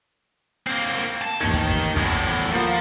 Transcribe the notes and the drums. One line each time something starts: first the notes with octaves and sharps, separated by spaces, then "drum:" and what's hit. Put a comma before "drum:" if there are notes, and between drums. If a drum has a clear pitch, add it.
A#3 C4
A5
A1 D#2 D#3 G#6
drum: kick
E2 A2, drum: kick
F3 A#3 F#5